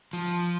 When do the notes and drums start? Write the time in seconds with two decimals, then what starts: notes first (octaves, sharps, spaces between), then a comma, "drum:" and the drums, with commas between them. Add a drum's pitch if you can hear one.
0.13 F3, drum: tambourine
0.30 drum: tambourine